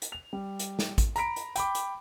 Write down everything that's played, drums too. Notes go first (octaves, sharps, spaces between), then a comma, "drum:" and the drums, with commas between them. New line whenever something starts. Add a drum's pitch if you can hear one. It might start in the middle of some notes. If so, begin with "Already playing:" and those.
drum: hi-hat
F7
G3
drum: hi-hat
drum: snare
drum: kick A1, hi-hat
A#5 B5 B6 D7, drum: hi-hat
drum: hi-hat
G5 B5 D6, drum: hi-hat
drum: hi-hat